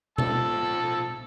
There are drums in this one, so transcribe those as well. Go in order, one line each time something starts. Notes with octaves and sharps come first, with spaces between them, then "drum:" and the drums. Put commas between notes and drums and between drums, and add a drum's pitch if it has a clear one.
F3 A5 E6, drum: tom B2